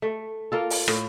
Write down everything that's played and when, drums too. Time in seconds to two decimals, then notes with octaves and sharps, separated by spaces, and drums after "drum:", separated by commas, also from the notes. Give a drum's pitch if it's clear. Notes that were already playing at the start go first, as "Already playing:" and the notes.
0.02 A3
0.52 A#3 F4 A4
0.70 drum: open hi-hat
0.88 A2, drum: rim click